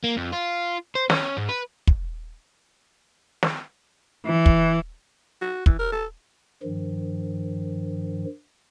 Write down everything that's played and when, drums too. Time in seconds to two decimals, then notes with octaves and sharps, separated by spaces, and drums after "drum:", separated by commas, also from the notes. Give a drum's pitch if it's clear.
0.04 A#3
0.17 F2
0.32 F4
0.95 C5
1.10 C#4, drum: snare
1.37 G#2
1.49 B4
1.87 drum: kick
3.43 drum: snare
4.25 E3
4.46 drum: kick
5.42 F#4
5.66 E3, drum: kick
5.79 A#4
5.92 A4
6.63 G2 D#3 F3